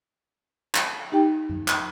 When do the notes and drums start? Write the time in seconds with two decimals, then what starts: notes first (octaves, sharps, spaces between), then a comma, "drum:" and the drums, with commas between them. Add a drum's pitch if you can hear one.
0.75 drum: clap
1.12 D#4 G4 G5
1.49 drum: tom F#2
1.68 drum: clap